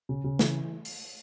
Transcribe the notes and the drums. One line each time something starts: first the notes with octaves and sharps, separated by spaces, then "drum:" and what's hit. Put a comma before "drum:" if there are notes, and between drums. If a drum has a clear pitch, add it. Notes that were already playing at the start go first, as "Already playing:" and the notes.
C#3
C#3
E3, drum: snare
drum: open hi-hat